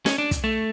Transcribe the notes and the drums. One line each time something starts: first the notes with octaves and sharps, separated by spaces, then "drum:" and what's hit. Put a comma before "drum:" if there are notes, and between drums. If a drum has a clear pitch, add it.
C#4, drum: snare
D4
drum: kick, hi-hat
A3